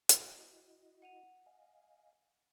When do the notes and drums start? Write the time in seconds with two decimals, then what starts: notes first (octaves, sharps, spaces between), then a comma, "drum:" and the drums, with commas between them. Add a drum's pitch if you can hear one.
0.09 E4 F#4 D#5, drum: hi-hat
1.02 F#5 D#7 F7
1.46 D#5 F5 G#5